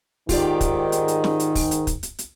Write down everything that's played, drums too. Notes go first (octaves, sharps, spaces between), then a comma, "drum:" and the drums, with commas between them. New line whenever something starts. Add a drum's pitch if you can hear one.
G#2 D#3 F4 G4 D5, drum: kick, open hi-hat
drum: kick, hi-hat
drum: hi-hat
drum: hi-hat
drum: snare
drum: hi-hat
drum: kick, open hi-hat
drum: hi-hat
drum: kick, hi-hat
drum: hi-hat
drum: hi-hat